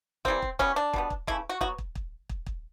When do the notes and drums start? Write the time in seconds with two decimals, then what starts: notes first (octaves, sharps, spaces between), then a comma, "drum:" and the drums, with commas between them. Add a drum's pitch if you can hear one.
0.25 E3 G3 A#3 C4, drum: kick
0.42 drum: kick
0.59 E3 G3 B3 C#4, drum: kick
0.76 D4
0.93 B2 G3 B3, drum: kick
1.10 drum: kick
1.27 C#3 E3 A3 E4, drum: kick
1.49 F#4
1.61 F#3 B3 F#4, drum: kick
1.78 drum: kick
1.95 drum: kick
2.29 drum: kick
2.46 drum: kick